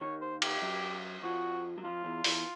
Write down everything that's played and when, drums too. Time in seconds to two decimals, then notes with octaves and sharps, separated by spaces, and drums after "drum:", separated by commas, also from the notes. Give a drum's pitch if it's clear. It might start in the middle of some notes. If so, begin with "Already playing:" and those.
0.01 D#2 D#3 C#5
0.21 C5
0.42 G4, drum: cymbal
0.62 F#2 F#3
1.23 F2 F3 F#4
1.78 F#3
1.84 F2 F3 F4
2.04 E2 E3
2.24 E2 E3, drum: open hi-hat